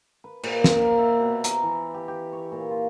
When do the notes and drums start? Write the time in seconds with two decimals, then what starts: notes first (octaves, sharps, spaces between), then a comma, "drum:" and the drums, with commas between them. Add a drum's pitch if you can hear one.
0.24 B4
0.43 A#2, drum: cymbal
0.64 drum: snare
0.75 A#3
0.99 E5
1.20 B2
1.44 A#5, drum: hi-hat
1.63 E3
1.94 G4
2.08 G4
2.33 C#5
2.52 A#2
2.71 F4